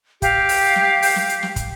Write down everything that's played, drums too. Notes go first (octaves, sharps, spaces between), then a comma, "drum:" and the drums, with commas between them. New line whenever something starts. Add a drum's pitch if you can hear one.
G4 F5, drum: kick, hi-hat
drum: open hi-hat
drum: snare
drum: open hi-hat
drum: snare
drum: hi-hat
drum: snare
drum: kick, hi-hat